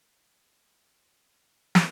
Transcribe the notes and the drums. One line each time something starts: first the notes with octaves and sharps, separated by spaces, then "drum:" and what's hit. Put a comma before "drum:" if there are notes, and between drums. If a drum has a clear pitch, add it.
B3 E4 D#5 F#5
drum: snare